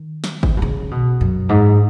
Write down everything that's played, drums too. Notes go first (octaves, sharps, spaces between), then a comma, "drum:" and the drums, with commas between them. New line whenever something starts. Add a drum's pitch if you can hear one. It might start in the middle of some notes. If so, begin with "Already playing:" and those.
Already playing: D#3
drum: snare
drum: kick G#1
B2
C#3
B2
F#2
G#2